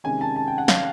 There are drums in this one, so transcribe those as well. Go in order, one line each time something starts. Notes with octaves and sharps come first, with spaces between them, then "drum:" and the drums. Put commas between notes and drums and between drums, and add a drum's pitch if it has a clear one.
C3 D#3 G#3 C#4 G#5
A5
A5
G5
F#5
F5, drum: snare